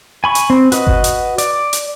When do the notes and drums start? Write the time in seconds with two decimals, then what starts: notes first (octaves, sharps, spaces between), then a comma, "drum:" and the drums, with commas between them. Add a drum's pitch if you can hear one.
0.24 G#5 B5 C#6
0.35 drum: hi-hat
0.50 C4
0.72 F#4 B4 D#5, drum: hi-hat
0.87 drum: kick G1
1.04 drum: hi-hat
1.38 D5, drum: hi-hat
1.73 drum: hi-hat